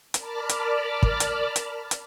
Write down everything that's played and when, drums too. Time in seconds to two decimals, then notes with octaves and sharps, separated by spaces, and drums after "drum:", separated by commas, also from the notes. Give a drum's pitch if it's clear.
0.14 A#4 D5 A5 B5 D6 F6, drum: hi-hat
0.49 drum: hi-hat
1.03 drum: kick
1.20 drum: hi-hat
1.56 drum: hi-hat
1.91 drum: hi-hat